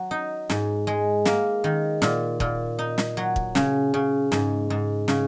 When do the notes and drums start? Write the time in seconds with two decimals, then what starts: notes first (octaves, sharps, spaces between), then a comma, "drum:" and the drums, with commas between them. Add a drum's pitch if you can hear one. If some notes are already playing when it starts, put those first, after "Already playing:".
Already playing: F#3
0.11 D#4
0.50 G#2, drum: snare
0.87 G#3
1.25 A#3, drum: snare
1.64 D#3
2.02 A#2, drum: snare
2.40 A#2, drum: kick
2.79 D#4
2.98 drum: snare
3.17 F#3
3.36 drum: kick
3.55 C#3, drum: snare
3.94 C#3
4.32 G#2, drum: snare
4.70 G#2
5.08 C#3, drum: snare